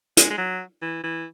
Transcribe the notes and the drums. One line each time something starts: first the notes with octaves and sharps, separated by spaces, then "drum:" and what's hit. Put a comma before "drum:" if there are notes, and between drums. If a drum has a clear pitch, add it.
G#3, drum: hi-hat
G#3
F#3
E3
E3